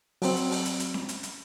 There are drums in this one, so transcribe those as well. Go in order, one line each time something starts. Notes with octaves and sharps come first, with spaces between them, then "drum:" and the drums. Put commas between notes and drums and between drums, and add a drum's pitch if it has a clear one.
F#3 C4, drum: open hi-hat
drum: hi-hat
drum: open hi-hat
drum: hi-hat
drum: hi-hat
drum: snare C#4
drum: hi-hat
drum: hi-hat